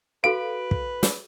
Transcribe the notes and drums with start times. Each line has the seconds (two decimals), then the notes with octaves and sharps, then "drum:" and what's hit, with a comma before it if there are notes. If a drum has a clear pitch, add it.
0.24 F#4 A4 B4 F5 D7
0.71 drum: kick
1.03 drum: snare